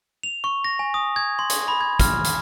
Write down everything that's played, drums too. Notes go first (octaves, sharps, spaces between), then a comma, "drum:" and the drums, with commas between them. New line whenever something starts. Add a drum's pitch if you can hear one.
F7
C#6
A#6
G#5
D#6
G#6
C6
drum: hi-hat
B5
G#6
F6, drum: kick, hi-hat
drum: hi-hat